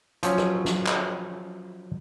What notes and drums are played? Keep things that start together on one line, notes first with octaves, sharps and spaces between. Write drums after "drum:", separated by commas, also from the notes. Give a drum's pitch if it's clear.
F3 F#3 C#4, drum: hi-hat
drum: rim click
drum: snare
drum: clap